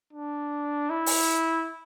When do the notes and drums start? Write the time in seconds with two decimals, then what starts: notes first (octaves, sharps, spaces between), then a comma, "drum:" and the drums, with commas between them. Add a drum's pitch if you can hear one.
0.13 D4
0.90 E4
1.06 drum: open hi-hat